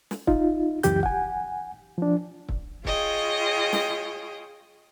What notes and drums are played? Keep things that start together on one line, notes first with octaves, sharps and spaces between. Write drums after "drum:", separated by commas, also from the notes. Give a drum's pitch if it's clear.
drum: snare
D#4 F4, drum: kick
C#2 F#2 E3 G4 G6, drum: hi-hat
F#5 G#5, drum: kick
F3 D4
drum: kick
F4 G#4 C#5 D#5 G5, drum: kick
drum: snare